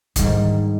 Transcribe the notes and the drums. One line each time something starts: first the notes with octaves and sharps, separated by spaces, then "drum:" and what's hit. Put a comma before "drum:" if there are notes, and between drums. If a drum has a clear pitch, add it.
G#2 D#3 G3 A#3, drum: kick, hi-hat